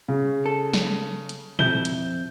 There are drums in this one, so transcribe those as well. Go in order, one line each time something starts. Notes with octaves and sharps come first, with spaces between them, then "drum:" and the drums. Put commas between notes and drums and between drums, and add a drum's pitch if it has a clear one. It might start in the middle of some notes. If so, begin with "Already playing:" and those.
C#3
A4
drum: snare
drum: hi-hat
F2 E4 G6 G7, drum: tom A#2
drum: hi-hat